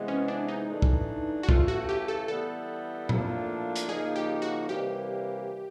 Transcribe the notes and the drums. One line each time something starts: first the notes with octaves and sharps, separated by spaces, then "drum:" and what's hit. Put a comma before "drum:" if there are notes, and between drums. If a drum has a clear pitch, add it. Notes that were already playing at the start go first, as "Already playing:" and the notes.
Already playing: C3 E3 G#3 B3
C#4
D4
D#4
G2 E3 A3 D4
drum: kick C2
F#4
C#3 E3 A3 F4, drum: kick C2
F#4
G4
A4
E3 G3 B3 A4
A2 F3 A#3 D4, drum: tom A#2
drum: hi-hat
C#3 F3 A#3 D#4 G#4
G4
F#4
C3 E3 G3 A#3 G4